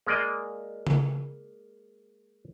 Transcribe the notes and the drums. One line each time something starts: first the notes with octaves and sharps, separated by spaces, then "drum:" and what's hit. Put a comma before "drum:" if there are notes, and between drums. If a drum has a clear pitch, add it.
G#3 A#3 D5 D#5
drum: tom C#3